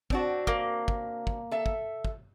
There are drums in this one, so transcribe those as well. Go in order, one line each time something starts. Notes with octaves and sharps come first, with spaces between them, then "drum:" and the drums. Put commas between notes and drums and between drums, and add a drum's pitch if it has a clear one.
C4 D4 F#4, drum: kick
A#3, drum: kick
drum: kick
drum: kick
A4 E5
drum: kick
drum: kick